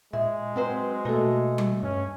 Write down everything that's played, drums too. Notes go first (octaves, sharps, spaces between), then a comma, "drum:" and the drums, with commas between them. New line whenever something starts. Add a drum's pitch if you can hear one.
A#2 G#3 G#4 E5
F#3 C4 B4 C5
B2 A3 A#3 F#4 A4 D#5
drum: tom G3
G2 C#4